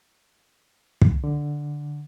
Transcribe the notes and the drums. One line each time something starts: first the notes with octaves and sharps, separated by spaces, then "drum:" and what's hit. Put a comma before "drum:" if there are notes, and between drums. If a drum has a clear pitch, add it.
drum: kick
D3